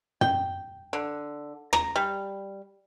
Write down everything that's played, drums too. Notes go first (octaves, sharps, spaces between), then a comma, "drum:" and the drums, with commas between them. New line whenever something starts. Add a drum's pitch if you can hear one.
G5, drum: tom
D3
A#5, drum: rim click
G3